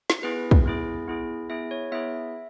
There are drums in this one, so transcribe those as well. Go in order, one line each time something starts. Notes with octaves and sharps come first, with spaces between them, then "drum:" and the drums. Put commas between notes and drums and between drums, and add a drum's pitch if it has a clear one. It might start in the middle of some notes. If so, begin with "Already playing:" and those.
drum: snare
B3 E4 G#4 B4
drum: kick
B3 E4 G#4
B3 E4 G#4
B3 E4 G#4 E5
C#5
B3 E4 G#4 E5